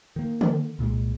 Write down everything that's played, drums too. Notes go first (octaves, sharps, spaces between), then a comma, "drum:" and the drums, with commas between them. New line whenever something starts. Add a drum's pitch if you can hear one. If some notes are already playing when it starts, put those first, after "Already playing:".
D#3 A#3
drum: tom D3
C2 A#2 F3 G#3